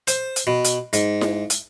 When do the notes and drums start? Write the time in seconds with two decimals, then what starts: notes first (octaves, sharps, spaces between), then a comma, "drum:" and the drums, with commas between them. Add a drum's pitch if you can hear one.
0.07 C5, drum: hi-hat
0.36 drum: hi-hat
0.47 B2
0.64 drum: hi-hat
0.93 G#2, drum: hi-hat
1.21 drum: snare E4
1.50 drum: hi-hat